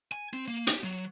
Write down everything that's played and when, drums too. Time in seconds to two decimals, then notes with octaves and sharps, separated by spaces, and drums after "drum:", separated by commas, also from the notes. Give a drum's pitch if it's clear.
0.12 G#5
0.33 C4
0.48 A#3
0.67 G4, drum: hi-hat
0.84 F#3